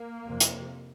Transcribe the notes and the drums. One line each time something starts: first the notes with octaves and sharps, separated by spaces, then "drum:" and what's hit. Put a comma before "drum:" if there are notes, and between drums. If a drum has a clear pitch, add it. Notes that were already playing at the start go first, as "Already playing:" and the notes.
Already playing: A#3
F2 C3
drum: hi-hat